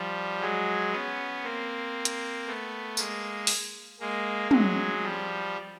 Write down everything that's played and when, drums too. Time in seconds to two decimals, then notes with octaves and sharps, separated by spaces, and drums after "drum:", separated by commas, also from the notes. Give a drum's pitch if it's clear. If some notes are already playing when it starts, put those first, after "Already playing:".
Already playing: F3 G3
0.40 F#3 G#3
0.92 B3 C#4
1.44 A#3 C4
2.05 drum: hi-hat
2.47 A3 B3
2.97 G#3 A#3, drum: tambourine
3.47 drum: open hi-hat
4.00 G#3 A#3
4.51 F#3 G#3, drum: tom
5.03 F3 G3